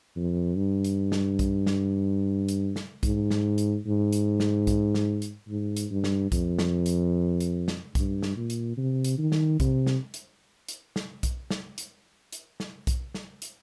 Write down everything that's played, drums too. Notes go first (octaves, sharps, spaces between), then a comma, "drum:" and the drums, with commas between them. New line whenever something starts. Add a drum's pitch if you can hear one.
F2
G2
drum: hi-hat
drum: snare
drum: kick B1, hi-hat
drum: snare
drum: hi-hat
drum: snare
G#2, drum: kick B1, hi-hat
drum: snare
drum: hi-hat
G#2
drum: hi-hat
drum: snare
drum: kick B1, hi-hat
drum: snare
drum: hi-hat
G#2
drum: hi-hat
G2
drum: snare
F2, drum: kick B1, hi-hat
drum: snare
drum: hi-hat
drum: hi-hat
drum: snare
G2, drum: kick B1, hi-hat
drum: snare
A#2
drum: hi-hat
C3
drum: hi-hat
D#3
drum: snare
C3, drum: kick B1, hi-hat
drum: snare
drum: hi-hat
drum: hi-hat
drum: snare
drum: kick B1, hi-hat
drum: snare
drum: hi-hat
drum: hi-hat
drum: snare
drum: kick B1, hi-hat
drum: snare
drum: hi-hat